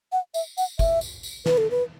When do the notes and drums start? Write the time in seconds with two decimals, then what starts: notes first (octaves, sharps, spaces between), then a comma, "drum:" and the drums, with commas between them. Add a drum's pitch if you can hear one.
0.12 F#5
0.34 E5, drum: tambourine
0.58 F#5, drum: tambourine
0.79 E5, drum: kick, tambourine
1.01 drum: tambourine
1.23 drum: tambourine
1.46 B4, drum: snare
1.58 A4
1.71 B4